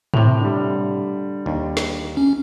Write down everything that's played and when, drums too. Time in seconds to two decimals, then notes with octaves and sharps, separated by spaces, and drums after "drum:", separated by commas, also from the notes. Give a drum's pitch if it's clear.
0.14 A2 C3 F7, drum: tom G#2
0.41 D3 G3
1.46 D#2
1.77 drum: snare
2.17 C#4